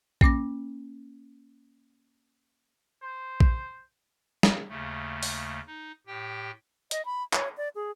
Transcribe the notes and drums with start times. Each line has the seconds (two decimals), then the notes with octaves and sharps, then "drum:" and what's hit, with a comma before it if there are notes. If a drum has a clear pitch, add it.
0.21 A#3 C#4 D6 A#6, drum: kick A#1
3.02 C5
3.40 drum: kick A#1
4.43 drum: snare
4.69 D#2 C#3 A3
5.23 drum: open hi-hat
5.67 D#4
6.07 A2 G4 G5
6.91 D#5, drum: hi-hat
7.05 B5
7.33 C#5, drum: clap
7.57 D5
7.75 G#4